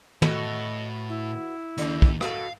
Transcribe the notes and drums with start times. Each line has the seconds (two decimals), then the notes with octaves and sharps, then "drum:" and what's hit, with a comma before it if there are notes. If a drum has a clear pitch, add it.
0.22 A2 B3 F#4 A4 D#5, drum: tom
1.09 E4
1.78 D#2 C#3, drum: hi-hat
2.02 drum: kick
2.21 B2 F#4 A4 F5, drum: rim click